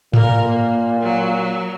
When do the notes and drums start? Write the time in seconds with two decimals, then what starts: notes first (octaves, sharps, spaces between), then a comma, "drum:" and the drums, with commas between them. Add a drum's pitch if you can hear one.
0.14 A#2 A#4, drum: tom G#2
0.47 A#3
1.02 F#3